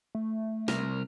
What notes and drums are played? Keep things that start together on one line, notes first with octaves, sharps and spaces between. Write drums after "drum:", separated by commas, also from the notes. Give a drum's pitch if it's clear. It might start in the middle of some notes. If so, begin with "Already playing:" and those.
A3
C2 A#4, drum: snare